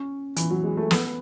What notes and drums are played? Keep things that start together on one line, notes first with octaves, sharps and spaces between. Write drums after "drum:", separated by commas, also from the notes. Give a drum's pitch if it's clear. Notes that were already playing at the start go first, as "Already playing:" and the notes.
Already playing: C#4
E3, drum: hi-hat
F#3
G#3
A3
B3, drum: snare